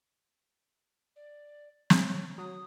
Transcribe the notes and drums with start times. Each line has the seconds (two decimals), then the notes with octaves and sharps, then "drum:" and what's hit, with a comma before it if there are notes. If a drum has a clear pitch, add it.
1.16 D5
1.90 C#5, drum: snare
2.38 F#3 D#6